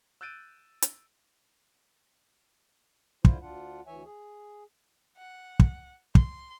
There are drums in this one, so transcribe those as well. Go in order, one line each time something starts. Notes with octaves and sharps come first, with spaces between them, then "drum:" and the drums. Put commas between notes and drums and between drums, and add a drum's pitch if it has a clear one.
E6 F#6 G6 A6 D7 D#7
drum: hi-hat
D3 E4 F4 C5, drum: kick
D2 D4 F4 F#5
D2 E3 C#5 E5 G#5
G#4
F#5
drum: kick
C6, drum: kick